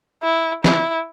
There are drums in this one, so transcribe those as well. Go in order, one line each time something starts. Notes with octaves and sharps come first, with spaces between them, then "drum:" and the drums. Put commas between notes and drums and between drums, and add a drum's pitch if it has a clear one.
E4
E4, drum: snare